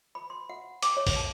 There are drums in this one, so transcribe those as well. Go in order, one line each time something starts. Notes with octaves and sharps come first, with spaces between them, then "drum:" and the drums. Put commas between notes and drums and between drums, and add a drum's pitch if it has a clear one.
B5
C6
F#5
D6, drum: hi-hat
C#5
drum: kick, open hi-hat
A5